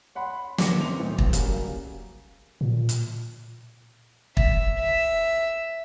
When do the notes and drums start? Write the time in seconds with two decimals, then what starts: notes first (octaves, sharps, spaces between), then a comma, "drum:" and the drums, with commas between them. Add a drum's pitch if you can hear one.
0.15 C#5 F#5 B5 C6
0.58 C2 D3 C#4 D6 A#6 C#7, drum: snare
0.79 G1 D#3 C4 F7
0.99 B1 A2
1.18 drum: kick
1.33 C#3 F#3 G3 A#3, drum: hi-hat
2.61 A#2
2.89 drum: hi-hat
4.37 E5, drum: kick
4.79 E5